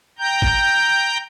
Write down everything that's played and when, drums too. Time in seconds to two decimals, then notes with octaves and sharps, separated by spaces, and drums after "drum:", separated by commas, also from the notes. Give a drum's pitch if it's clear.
0.19 G5 A#5 G6
0.42 drum: kick A1